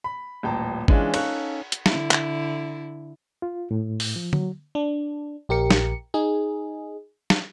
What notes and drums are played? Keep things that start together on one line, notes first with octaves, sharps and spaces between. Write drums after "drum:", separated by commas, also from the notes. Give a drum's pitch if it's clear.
B5
D#1 A1 G5 A5 A#5
E3 G#3 C#4 D4 F4, drum: kick G#1
C#4 D#4 A4 F5 C#6 F#6, drum: cymbal
drum: hi-hat
D3 E4, drum: snare
drum: clap
F4
A2
drum: open hi-hat
F3
F#3, drum: tom
D4
A#1 G4 A#4 C#7
drum: snare
D#4 G#4
drum: snare